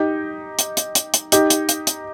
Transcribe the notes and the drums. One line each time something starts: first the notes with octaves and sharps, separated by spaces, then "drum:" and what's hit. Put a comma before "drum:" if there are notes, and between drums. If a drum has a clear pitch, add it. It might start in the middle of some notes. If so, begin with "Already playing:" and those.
Already playing: D#4 G4
drum: hi-hat
drum: hi-hat
drum: hi-hat
drum: hi-hat
D#4 G4, drum: hi-hat
drum: hi-hat
drum: hi-hat
drum: hi-hat